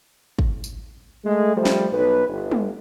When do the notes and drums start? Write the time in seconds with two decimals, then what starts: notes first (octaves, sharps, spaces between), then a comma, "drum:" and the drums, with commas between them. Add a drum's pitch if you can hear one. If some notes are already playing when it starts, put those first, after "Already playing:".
0.39 drum: kick
0.64 drum: tambourine
1.24 G#3 A3
1.55 F3 G3 A3 C5
1.65 drum: snare
1.92 B1 B4
2.27 G1
2.51 drum: tom